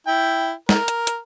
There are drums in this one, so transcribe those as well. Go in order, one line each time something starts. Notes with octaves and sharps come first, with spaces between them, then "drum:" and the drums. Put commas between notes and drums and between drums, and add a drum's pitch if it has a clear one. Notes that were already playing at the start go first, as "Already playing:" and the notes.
E4 G5
A#4, drum: snare
drum: hi-hat
drum: hi-hat